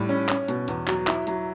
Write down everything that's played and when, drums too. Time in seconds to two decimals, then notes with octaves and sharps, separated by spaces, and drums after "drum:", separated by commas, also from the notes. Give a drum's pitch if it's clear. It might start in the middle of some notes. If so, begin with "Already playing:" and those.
Already playing: A2 G3
0.09 C#4
0.29 C#4, drum: clap
0.48 B2, drum: hi-hat
0.68 E2, drum: hi-hat
0.88 F#3, drum: clap
1.07 E4, drum: clap
1.27 F#3, drum: hi-hat